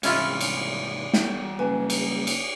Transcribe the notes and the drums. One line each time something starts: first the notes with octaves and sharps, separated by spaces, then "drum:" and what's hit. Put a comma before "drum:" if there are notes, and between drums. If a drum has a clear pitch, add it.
C2 G#2 C3 E3 C#4 E4 F4, drum: cymbal
drum: cymbal
E1 G3 C#5 G5, drum: snare
F#1 B4 G#5
drum: cymbal
drum: cymbal